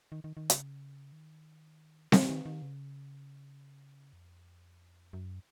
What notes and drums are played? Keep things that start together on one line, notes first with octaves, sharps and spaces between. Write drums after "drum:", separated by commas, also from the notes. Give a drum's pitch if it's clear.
D#3
D#3
D#3
C#3, drum: hi-hat
D#3
D#3, drum: snare C4
D#3
D#3
C#3
F2
F#2